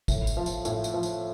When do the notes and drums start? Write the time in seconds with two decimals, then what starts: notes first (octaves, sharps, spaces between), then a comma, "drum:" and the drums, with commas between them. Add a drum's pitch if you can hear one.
0.08 A2, drum: kick, tambourine
0.27 drum: tambourine
0.37 F3
0.46 drum: tambourine
0.65 A2, drum: tambourine
0.84 drum: tambourine
0.94 F3
1.03 drum: tambourine